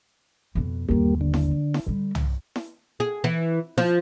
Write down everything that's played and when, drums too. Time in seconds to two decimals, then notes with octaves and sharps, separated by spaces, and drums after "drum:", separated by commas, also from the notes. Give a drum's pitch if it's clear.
0.55 F2 B2
0.89 G1 D#2 G3 A#3
1.21 D3
1.34 drum: snare E4
1.74 drum: snare E4
1.87 D3 G3
2.15 drum: tom
2.56 drum: snare E4
3.00 G#4
3.24 E3
3.78 F3, drum: snare E4